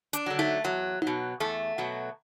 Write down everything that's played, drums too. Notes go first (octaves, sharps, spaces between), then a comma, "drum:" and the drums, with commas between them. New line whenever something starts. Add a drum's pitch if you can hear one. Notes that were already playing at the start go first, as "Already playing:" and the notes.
D4, drum: hi-hat
D3 F#3
A3, drum: tom D#4
E2 F#3
B2 F#3, drum: tom D#4
E2 A3
B2 F#3